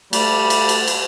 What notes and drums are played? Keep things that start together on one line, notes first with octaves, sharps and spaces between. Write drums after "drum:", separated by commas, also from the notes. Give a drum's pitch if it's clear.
G3 A3, drum: cymbal
drum: cymbal
drum: cymbal
drum: cymbal